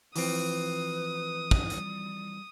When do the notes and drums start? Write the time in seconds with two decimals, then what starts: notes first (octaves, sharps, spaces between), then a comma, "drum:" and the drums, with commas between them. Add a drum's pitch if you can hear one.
0.16 E3 F3 C4 B4 D#6, drum: open hi-hat
1.51 drum: kick
1.70 G3, drum: hi-hat